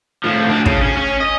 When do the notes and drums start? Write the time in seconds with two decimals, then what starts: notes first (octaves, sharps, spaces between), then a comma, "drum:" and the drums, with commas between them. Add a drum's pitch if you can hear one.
0.24 A2 F3
0.48 D2 D4
0.66 C#3, drum: kick
0.81 C#4
0.97 C#4
1.20 D#5